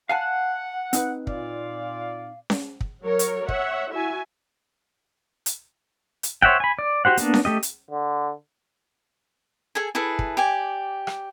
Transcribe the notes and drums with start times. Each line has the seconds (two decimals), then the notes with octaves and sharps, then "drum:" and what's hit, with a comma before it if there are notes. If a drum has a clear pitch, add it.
0.09 F5 F#5 G#5 A5
0.93 C4 D#4 B4, drum: hi-hat
1.27 A#2 D5 F5, drum: kick
2.50 drum: snare C#4
2.81 drum: kick
3.05 F#3 A#4 C#5
3.19 drum: hi-hat
3.49 C#5 E5 F#5, drum: kick
3.92 E4 F#4 E5 G#5
5.46 drum: hi-hat
6.23 drum: hi-hat
6.42 C5 C#5 E5 F#5 G5, drum: kick
6.60 G#5 B5
6.79 D5
7.05 F#4 G4 C5 F#5
7.17 A#3 B3 D4, drum: hi-hat
7.34 drum: snare C#4
7.45 A3 G4 D#5
7.63 drum: hi-hat
7.91 D3
9.75 G#4 A4 G#5
9.95 E4 G#4 A4 B4
10.19 drum: kick
10.37 G4 D5 G#5
11.07 drum: rim click